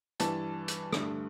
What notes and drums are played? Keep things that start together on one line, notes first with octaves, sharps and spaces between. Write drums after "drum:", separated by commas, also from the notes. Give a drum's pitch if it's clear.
G2 E3 G3 A5, drum: hi-hat
drum: hi-hat
G2 D3 A3, drum: rim click